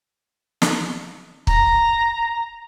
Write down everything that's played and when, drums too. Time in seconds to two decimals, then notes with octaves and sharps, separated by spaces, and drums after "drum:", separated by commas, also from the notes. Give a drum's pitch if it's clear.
0.62 drum: snare
1.47 A#5, drum: kick